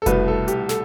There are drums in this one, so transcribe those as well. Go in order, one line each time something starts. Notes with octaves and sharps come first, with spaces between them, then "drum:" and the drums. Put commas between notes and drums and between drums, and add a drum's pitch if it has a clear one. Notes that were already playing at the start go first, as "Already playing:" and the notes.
A4
C2 B2 A3 B4, drum: kick F1, hi-hat
A4
G4, drum: hi-hat
A4, drum: snare